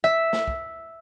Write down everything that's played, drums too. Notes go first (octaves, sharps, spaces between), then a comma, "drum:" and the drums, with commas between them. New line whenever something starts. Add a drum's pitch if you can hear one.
E5
drum: snare
drum: kick